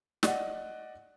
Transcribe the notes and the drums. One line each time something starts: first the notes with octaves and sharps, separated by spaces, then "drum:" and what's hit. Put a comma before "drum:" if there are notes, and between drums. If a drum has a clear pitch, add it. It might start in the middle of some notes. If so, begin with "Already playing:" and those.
D5 D#5 F#5, drum: snare